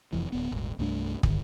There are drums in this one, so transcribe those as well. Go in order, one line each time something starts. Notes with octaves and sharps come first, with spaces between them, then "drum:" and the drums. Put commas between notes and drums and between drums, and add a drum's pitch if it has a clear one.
F1 F2 E3
D1 D#2 B3
D#1 G#1
C2 G2 A3 D4
G2 D3 D#3, drum: kick